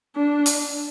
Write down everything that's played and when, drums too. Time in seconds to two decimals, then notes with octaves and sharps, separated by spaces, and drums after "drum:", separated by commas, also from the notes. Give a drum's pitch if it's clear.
0.16 D4
0.46 drum: hi-hat